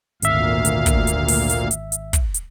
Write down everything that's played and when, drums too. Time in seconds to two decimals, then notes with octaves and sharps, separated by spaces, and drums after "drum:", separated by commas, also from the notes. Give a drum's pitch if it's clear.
0.22 G#1 D2 A#2 E5 F5, drum: hi-hat
0.65 drum: hi-hat
0.86 drum: kick, hi-hat
1.07 drum: hi-hat
1.28 drum: open hi-hat
1.49 drum: hi-hat
1.71 drum: hi-hat
1.92 drum: hi-hat
2.13 drum: kick, hi-hat
2.34 drum: hi-hat